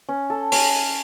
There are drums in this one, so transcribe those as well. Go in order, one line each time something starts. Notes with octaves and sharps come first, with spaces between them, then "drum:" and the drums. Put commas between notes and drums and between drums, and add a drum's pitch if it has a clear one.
C#4
A4
C#4, drum: open hi-hat